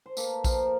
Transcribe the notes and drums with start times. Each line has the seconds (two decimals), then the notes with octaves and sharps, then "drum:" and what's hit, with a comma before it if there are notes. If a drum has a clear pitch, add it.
0.06 C5
0.17 A#3 A4 B4, drum: tambourine
0.44 F3 A#4 C5, drum: kick A#1, tambourine